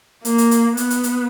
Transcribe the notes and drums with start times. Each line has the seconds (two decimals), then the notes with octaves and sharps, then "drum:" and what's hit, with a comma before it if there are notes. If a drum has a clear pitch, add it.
0.25 A#3, drum: hi-hat
0.38 drum: hi-hat
0.51 drum: hi-hat
0.77 B3, drum: hi-hat
0.90 drum: hi-hat
1.03 drum: hi-hat